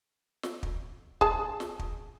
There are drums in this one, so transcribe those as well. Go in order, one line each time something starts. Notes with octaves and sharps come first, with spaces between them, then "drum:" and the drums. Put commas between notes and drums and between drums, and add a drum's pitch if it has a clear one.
drum: snare
drum: kick
G#4 A5, drum: kick
drum: snare
drum: kick